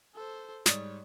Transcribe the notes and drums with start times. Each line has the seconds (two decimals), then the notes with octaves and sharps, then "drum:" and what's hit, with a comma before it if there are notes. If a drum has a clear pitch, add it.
0.15 A4 C5
0.66 G#2 G3 C#5 D5 D#6, drum: snare